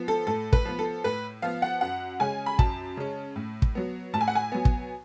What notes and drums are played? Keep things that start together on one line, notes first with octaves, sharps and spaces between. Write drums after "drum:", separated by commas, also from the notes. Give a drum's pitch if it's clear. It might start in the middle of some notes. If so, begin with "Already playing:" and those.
Already playing: F3 B3
A4
A2 A4
B4, drum: kick
F3 B3
A4
A2 B4
F3 B3 F5
F#5
F#2 F#5
C#3 G#3 C#4 G#5
B5
F#2 A5, drum: kick
C#3 G#3 C#4
A2
drum: kick
F#3 B3
A2 A5
G#5
F#5
G#5
F#3 B3
drum: kick